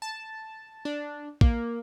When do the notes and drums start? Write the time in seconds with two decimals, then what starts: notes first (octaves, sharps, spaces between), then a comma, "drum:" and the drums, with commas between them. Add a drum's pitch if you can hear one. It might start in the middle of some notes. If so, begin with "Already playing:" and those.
0.02 A5
0.85 D4
1.41 A#3, drum: kick